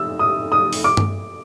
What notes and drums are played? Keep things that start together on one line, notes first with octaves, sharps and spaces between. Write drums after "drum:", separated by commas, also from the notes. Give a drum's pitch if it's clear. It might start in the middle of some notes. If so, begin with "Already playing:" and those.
Already playing: E6
D#6
D#6
drum: open hi-hat
D6
drum: tom G2